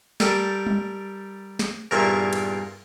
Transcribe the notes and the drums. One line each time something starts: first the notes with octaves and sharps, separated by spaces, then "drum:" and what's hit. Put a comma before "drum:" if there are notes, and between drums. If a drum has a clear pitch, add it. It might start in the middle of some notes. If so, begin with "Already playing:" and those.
G3 A4 A#4 G5, drum: snare
drum: tom G3
drum: snare
E2 G2 A#2 A#3 E5 C#6
drum: cymbal